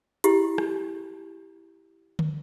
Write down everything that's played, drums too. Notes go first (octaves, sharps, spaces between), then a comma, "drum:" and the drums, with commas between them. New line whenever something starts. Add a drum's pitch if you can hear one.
E4 G4, drum: hi-hat
drum: rim click
drum: tom D3